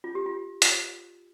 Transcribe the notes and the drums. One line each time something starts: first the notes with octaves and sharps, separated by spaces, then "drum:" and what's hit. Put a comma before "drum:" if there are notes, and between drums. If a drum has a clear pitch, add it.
F4
G4
F4
F4, drum: hi-hat